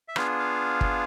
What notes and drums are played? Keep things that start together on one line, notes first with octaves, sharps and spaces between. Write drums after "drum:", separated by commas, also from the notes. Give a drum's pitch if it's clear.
E5
B3 D4 F4 G#4 F5, drum: rim click
F5
drum: kick